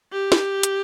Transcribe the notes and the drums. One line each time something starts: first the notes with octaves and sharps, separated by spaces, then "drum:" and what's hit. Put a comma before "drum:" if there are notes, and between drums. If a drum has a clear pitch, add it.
G4
drum: snare
drum: hi-hat